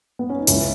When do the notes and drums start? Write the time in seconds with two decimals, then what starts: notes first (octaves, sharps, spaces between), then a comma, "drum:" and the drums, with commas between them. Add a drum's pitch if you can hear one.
0.19 B3
0.30 C#4
0.39 D#4
0.47 C#2 C#4 E4, drum: hi-hat